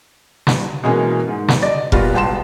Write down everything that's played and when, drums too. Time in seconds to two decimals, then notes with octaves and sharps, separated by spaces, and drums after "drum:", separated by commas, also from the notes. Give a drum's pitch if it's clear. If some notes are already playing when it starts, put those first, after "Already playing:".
0.47 drum: snare
0.84 B2 E3 G#3 A#3 C#4
1.28 G#2
1.48 drum: snare
1.62 D5 D#5
1.92 A#2 F#3 G3 B3 F4 F#4, drum: kick F1
2.13 E1 C2 G5 A5 C6 E7